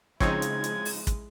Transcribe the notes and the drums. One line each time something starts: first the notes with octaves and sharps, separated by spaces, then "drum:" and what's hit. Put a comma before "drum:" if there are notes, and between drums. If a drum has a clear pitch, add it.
C#3 F3 G#3 C4 D#4 E4 C#5 G#6, drum: kick
drum: hi-hat
drum: hi-hat
drum: open hi-hat
drum: kick, hi-hat